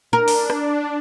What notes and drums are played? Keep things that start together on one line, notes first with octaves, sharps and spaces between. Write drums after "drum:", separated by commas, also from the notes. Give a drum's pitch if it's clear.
D4 A#4
drum: open hi-hat
drum: rim click